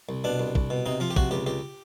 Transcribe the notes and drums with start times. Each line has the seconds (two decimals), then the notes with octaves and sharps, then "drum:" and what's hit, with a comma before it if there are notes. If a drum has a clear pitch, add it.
0.09 C2
0.24 B2 D4
0.39 C2
0.55 C2, drum: kick
0.70 B2
0.86 C3 D#4
1.00 F3 F4
1.10 G4
1.16 C3 F#4, drum: kick
1.31 C#2 G4
1.46 C#2 G4